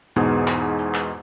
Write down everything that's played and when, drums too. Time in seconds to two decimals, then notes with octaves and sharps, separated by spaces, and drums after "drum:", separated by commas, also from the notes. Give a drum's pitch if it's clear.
0.16 E2 G#2 B2 G#4, drum: hi-hat
0.47 drum: clap
0.79 drum: hi-hat
0.94 drum: clap